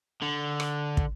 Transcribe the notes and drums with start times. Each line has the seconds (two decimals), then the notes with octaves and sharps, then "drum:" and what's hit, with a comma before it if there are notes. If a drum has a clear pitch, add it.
0.22 D3
0.60 drum: rim click
0.97 drum: kick